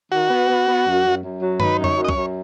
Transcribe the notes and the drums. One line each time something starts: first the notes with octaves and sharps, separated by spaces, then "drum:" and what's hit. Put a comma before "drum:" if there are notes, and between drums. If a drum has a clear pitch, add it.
D#3 F#4
B3
B3
B3
F#2
F#2
F#2
F#3
D#4 B4, drum: tom G2
F#2
C#5, drum: tom F2
F#2
D#5
C#5, drum: kick C2
F#2